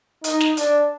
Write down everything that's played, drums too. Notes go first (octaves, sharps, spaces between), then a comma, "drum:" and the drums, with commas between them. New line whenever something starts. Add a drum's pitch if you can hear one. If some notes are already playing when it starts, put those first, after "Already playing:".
D#4, drum: hi-hat
drum: snare
D4, drum: hi-hat